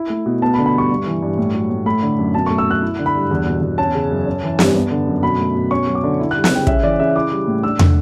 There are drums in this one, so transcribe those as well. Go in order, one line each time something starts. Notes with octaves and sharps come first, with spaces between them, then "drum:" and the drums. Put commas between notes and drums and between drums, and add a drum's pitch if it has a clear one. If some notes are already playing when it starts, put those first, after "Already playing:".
Already playing: E4
A3
B2
B3 A5
B5
D3
B5
G2 C#6
G2
E3
G2
A2
F#3
A2
A3 B5
D3
F#2
B2 A5
A3 C#6
E6
B2 F#6
E4
D3
B5
G2
E2
B2
E2
C#4 A5
C#3
F#2
C#4
E3
G2, drum: snare
B3
D3
F#2
B2 B5
A3
B2
C#4 C#6
F#3
D6
D3
E4
F#6
G3
F#6, drum: snare
C#3 G5
C#4 E5, drum: kick
E3 D5
C#3 E5
E4 D6
G3
A2
D4 E6
D3, drum: tom